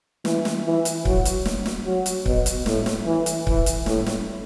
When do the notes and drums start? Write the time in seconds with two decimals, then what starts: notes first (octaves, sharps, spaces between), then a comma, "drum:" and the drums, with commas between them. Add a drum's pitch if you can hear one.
0.25 E3, drum: snare
0.45 drum: snare
0.65 E3
0.85 drum: hi-hat
1.05 F#3, drum: kick C#1
1.25 drum: hi-hat
1.45 drum: snare
1.66 drum: snare
1.86 F#3
2.06 drum: hi-hat
2.26 B2, drum: kick C#1
2.46 drum: hi-hat
2.66 A2, drum: snare
2.86 drum: snare
3.06 E3
3.26 drum: hi-hat
3.47 E3, drum: kick C#1
3.66 drum: hi-hat
3.86 A2, drum: snare
4.06 drum: snare